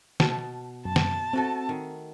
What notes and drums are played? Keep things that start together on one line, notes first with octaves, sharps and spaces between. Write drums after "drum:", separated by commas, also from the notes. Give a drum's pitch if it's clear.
B2 A5, drum: snare
F#2 A5
drum: snare
A3 C4 F#4 A4
D#3